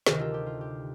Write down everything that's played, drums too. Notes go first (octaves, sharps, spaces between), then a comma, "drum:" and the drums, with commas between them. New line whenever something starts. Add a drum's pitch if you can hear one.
D2 C3 D#3 G4 A#4, drum: snare
F4 A4
G4
F4
G4